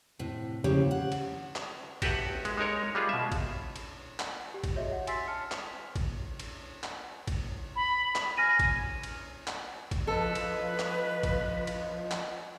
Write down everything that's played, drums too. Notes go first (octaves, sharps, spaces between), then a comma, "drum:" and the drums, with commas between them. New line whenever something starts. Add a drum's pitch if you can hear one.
A2 C3
D#2 A2 C#3 F3 G4 C#5
F#5
drum: cymbal
drum: clap
F#4 G4 A4 B4 E5 F#5, drum: kick, cymbal
G#3, drum: cymbal
G#3 D#4 A#4 C#5
G3 G#3 F4 G#4
B2 E5
drum: kick, cymbal
drum: cymbal
drum: clap
G4
drum: kick, cymbal
F#4 G#4 C#5 D#5 E5
F#5
G#5 C6 E6 A6 B6 C7, drum: cymbal
G#5 A5 F6 C#7
drum: clap
drum: kick, cymbal
drum: cymbal
drum: clap
drum: kick, cymbal
B5
drum: clap
G#5 F6 A#6 D#7
drum: kick, cymbal
drum: cymbal
drum: clap
drum: kick, cymbal
F3 A4 B4 D#5
drum: cymbal
drum: clap
drum: kick, cymbal
drum: cymbal
drum: clap